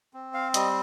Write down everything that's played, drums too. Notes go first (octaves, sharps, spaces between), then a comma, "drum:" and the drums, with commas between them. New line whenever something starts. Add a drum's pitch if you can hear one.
C4
F5
G3 D#5, drum: hi-hat